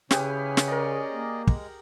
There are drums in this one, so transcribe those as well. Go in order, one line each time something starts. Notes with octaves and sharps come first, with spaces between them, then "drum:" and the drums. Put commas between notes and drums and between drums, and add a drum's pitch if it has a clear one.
C#3 C#4 E4 G4 G#4 B4 F6, drum: snare
drum: snare
G#4 A#4 D5 D#5 A#5
A#3
G#3, drum: kick